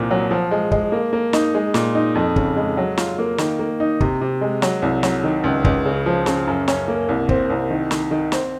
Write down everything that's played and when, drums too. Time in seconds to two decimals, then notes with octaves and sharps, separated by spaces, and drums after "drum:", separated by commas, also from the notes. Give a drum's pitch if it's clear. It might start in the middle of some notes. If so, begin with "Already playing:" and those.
Already playing: C2 A#2 F3
0.11 F#3
0.31 F3
0.51 G#3
0.71 G#3, drum: kick
0.92 A#3
1.13 A#3
1.33 D#4, drum: snare
1.54 G#3
1.74 A#2, drum: snare
1.95 D#4
2.15 F2
2.36 C#3, drum: kick
2.56 G#3
2.77 F#3
2.97 F4, drum: snare
3.19 A#3
3.38 D#3, drum: snare
3.59 A#3
3.80 D#4
4.00 C3, drum: kick
4.21 C3
4.41 G#3
4.62 F#3, drum: snare
4.82 C2
5.03 F#3, drum: snare
5.24 D#3
5.44 C#2
5.64 C#2, drum: kick
5.85 C#3
6.06 F3
6.26 C#3, drum: snare
6.47 F#2
6.68 C#4, drum: snare
6.88 A#3
7.09 C2
7.29 C4, drum: kick
7.50 C2
7.70 D#3
7.91 D#3, drum: snare
8.11 D#3
8.32 C4, drum: snare